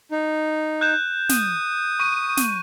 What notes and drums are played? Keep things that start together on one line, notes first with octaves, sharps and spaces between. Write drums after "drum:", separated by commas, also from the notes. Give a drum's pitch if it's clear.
D#4
F#6 G6 E7
D#6, drum: snare
C#6 D#7
drum: snare